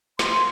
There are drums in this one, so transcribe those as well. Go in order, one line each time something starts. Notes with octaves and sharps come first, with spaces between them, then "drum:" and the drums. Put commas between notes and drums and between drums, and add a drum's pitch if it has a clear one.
C6, drum: snare